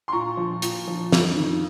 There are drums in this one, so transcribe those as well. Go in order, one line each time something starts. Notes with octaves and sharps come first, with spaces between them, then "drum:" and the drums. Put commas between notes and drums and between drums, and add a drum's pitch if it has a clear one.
C6
A#2 A#5 C#6
F3
A#2, drum: hi-hat
F3
F2, drum: snare
D#3